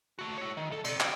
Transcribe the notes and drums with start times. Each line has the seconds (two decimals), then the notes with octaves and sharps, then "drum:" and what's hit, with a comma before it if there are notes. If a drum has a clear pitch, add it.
0.19 A3 F#4
0.38 E4 C#5
0.57 D#3
0.70 C2 A4
0.84 C4 D5, drum: cymbal
1.00 G5, drum: clap